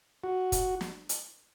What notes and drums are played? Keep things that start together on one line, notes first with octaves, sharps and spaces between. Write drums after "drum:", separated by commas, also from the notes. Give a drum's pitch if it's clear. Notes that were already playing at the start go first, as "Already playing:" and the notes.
F#4
drum: kick, hi-hat
drum: snare
drum: hi-hat